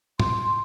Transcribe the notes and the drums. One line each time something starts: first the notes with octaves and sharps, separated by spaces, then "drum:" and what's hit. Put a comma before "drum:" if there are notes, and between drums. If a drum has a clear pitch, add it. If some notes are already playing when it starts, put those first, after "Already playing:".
C6, drum: tom